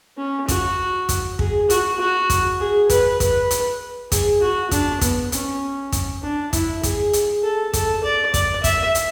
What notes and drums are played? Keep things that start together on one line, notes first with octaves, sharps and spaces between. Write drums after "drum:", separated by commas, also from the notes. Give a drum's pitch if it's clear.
C#4
F#4, drum: kick, hi-hat
drum: kick, hi-hat
G#4, drum: kick
F#4, drum: hi-hat
F#4
drum: kick, hi-hat
G#4
B4, drum: kick, hi-hat
B4, drum: kick, hi-hat
drum: hi-hat
G#4, drum: kick, hi-hat
F#4
D4, drum: kick, hi-hat
B3, drum: kick, hi-hat
C#4, drum: hi-hat
drum: kick, hi-hat
D4
E4, drum: kick, hi-hat
G#4, drum: kick, hi-hat
drum: hi-hat
A4
A4, drum: kick, hi-hat
D5
D5, drum: kick, hi-hat
E5, drum: kick, hi-hat
drum: hi-hat